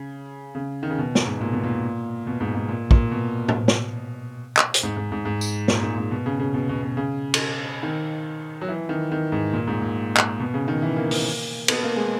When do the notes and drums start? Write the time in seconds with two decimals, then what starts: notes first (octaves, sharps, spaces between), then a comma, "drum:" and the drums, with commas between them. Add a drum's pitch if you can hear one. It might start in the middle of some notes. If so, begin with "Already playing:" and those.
Already playing: C#3
0.55 C#3
0.83 D#3
0.90 C#3
0.98 B2
1.15 drum: snare
1.26 G#2
1.41 A#2
1.53 B2
1.64 A#2
2.27 B2
2.40 G#2
2.55 G#2
2.69 A#2
2.91 A#2, drum: kick
3.11 B2
3.48 drum: tom A2
3.68 drum: snare
4.57 drum: clap
4.74 drum: hi-hat
4.83 G#2
4.97 G#2
5.12 G#2
5.25 G#2
5.41 drum: tambourine
5.68 A#2, drum: snare
5.82 G#2
5.98 G#2
6.11 B2
6.26 C#3
6.39 C#3
6.54 B2
6.69 B2
6.82 B2
6.97 C#3
7.34 drum: cymbal
7.83 D#3
8.61 F#3
8.68 E3
8.89 D#3
9.12 D#3
9.32 G#2
9.53 A#2
9.67 G#2
9.82 A#2
10.17 drum: clap
10.39 B2
10.54 C#3
10.68 D#3
10.82 E3
10.96 A#3
11.11 A#3, drum: open hi-hat
11.68 B3, drum: cymbal
11.83 A#3
11.96 G#3